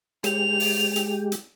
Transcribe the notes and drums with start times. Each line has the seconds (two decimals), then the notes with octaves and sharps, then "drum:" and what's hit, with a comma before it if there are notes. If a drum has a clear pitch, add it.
0.24 G#3 G4 F7, drum: hi-hat
0.60 drum: open hi-hat
0.96 drum: hi-hat
1.32 drum: hi-hat